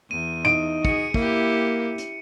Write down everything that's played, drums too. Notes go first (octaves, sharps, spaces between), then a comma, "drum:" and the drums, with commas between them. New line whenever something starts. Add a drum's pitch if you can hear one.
E2 D#7
D#4 D7
F#4 G#4 C#7, drum: kick
A#3 E4 G4, drum: kick
drum: hi-hat